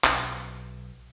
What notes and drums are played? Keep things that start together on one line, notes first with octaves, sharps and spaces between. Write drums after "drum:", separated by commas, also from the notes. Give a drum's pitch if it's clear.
B1, drum: clap